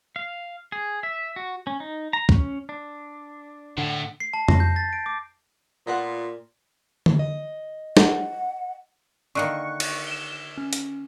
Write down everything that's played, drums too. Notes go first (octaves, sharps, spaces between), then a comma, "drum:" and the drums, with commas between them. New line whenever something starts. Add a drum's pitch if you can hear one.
F5
G#4
E5
F#4
C#4
D#4
A#5
C#4, drum: kick
D4
A2 D3 F#5
C7
A5
A#6, drum: tom F2
G6
A6
D7
D6
A#2 B3 F4 F#5
drum: tom D3
D#5
F#5, drum: snare
D3 D#3 A#3 C#6 F#6 C#7
drum: cymbal
E7 G7
C#4
drum: hi-hat